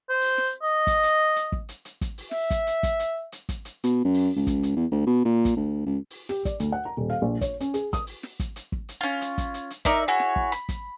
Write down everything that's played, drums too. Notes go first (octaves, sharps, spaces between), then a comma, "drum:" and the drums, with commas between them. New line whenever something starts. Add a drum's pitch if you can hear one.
C5
drum: open hi-hat
drum: snare
D#5
drum: kick, hi-hat
drum: hi-hat
drum: hi-hat
drum: kick
drum: hi-hat
drum: hi-hat
drum: kick, hi-hat
drum: open hi-hat
E5, drum: snare
drum: kick, hi-hat
drum: hi-hat
drum: kick, hi-hat
drum: hi-hat
drum: hi-hat
drum: kick, hi-hat
drum: hi-hat
B2, drum: hi-hat
F#2
drum: open hi-hat
C#2
drum: kick, hi-hat
drum: hi-hat
E2
D2
B2
A#2
drum: kick, hi-hat
D2
C#2
drum: open hi-hat
G4, drum: snare
D5, drum: kick, hi-hat
D2, drum: hi-hat
F#5
A#5
D#1
F5
A#1
C#5, drum: kick, hi-hat
C#4, drum: hi-hat
G#4, drum: hi-hat
D#6, drum: kick, hi-hat
drum: open hi-hat
drum: snare
drum: kick, hi-hat
drum: hi-hat
drum: kick
drum: hi-hat
C#4 F4
drum: hi-hat
drum: kick, hi-hat
drum: hi-hat
drum: hi-hat
D#4 A#4 D5 E5, drum: kick, hi-hat
E4 F#4 G#4 C#5
drum: snare
drum: kick
B5, drum: hi-hat
drum: kick, hi-hat